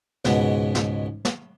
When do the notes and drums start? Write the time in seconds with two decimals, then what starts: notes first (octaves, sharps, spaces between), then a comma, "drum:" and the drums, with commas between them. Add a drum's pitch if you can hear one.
0.25 C#2 G#2 B2 B3, drum: snare
0.75 drum: snare
1.25 drum: snare